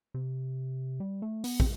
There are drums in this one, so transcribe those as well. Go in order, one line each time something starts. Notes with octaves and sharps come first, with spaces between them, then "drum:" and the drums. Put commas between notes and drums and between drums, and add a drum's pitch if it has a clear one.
C3
G3
A3
B3, drum: open hi-hat
C4, drum: kick